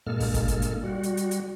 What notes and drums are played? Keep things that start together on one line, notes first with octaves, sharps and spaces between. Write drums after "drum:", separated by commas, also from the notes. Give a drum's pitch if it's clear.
G2 A#2 G#3 A#3 A4 F6
drum: kick, open hi-hat
drum: kick, hi-hat
drum: hi-hat
drum: hi-hat
G3 F#4
drum: hi-hat
drum: hi-hat
drum: hi-hat